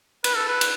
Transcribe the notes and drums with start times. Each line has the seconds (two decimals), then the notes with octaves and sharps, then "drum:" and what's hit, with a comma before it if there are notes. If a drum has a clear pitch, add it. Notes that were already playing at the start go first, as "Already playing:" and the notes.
0.24 B4, drum: cymbal
0.36 A4
0.48 B4
0.61 drum: cymbal